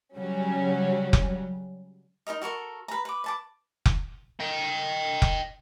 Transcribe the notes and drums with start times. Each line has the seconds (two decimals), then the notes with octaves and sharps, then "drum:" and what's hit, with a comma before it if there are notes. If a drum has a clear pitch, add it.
0.15 C#3 F#3 G3 C#4 F#4
1.13 drum: kick F1
2.27 D#4 G#4 A#4 D#5
2.42 F#4 A4 A#4 C#6
2.88 B4 A#5
3.05 B4 D6
3.24 B4 A5 D6
3.86 drum: kick F1
4.40 D#5 G5
5.22 drum: kick F1